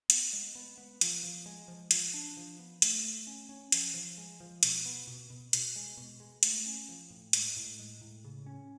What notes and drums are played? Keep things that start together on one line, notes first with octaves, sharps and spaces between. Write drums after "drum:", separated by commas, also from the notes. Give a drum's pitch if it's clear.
B3, drum: hi-hat
G#3
B3
B3
F3, drum: hi-hat
F3
G#3
F3
F3, drum: hi-hat
D4
F3
B3
A3, drum: hi-hat
A3
C#4
C#4
F3, drum: hi-hat
F3
G#3
F3
B2, drum: hi-hat
B3
B2
B2
B2, drum: hi-hat
G#3
B2
G#3
A3, drum: hi-hat
C#4
F3
A2
G#3, drum: hi-hat
A2
G#3
A2
C#3
C#4